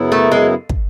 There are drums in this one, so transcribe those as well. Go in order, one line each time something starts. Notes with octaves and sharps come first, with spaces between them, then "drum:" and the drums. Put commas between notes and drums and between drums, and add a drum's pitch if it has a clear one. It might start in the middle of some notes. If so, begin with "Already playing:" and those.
Already playing: F#2 C#3 F#3 B3 E4
A3
G#3
drum: kick